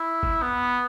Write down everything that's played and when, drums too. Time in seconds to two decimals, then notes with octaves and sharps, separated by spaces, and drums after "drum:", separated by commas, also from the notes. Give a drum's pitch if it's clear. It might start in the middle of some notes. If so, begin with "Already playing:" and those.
Already playing: E4
0.23 drum: kick G1
0.42 B3